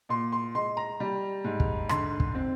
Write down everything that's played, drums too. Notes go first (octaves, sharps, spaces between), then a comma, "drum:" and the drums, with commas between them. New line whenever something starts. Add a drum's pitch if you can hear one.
A#2 C6
C6
G#3 C6
A#5
G3
G#2
drum: kick
D3 C6, drum: rim click
drum: kick
C4